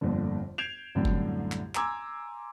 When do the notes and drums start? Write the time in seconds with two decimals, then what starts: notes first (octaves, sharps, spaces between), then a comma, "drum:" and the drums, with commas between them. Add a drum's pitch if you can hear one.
0.01 G1 F2 A#2 D3
0.58 G6 G#6 C7 D7 E7 F7
0.95 C2 F#2 A2 D3
1.05 drum: kick
1.52 drum: clap
1.75 G#5 A#5 C6 D6 E6 G#6, drum: clap